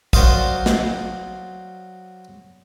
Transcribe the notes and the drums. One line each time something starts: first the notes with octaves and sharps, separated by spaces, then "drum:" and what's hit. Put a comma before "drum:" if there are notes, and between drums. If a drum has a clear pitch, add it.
F#3 A#4 C5 D5 F5 D#6, drum: kick
drum: snare